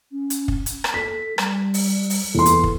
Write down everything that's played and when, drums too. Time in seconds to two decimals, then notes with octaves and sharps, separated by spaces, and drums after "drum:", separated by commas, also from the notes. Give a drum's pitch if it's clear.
0.12 C#4
0.30 drum: hi-hat
0.48 drum: kick
0.66 drum: hi-hat
0.84 drum: rim click
0.94 A4 B6
1.38 G3, drum: rim click
1.74 drum: open hi-hat
2.10 drum: open hi-hat
2.35 E2 A4 C6
2.46 drum: hi-hat
2.64 drum: kick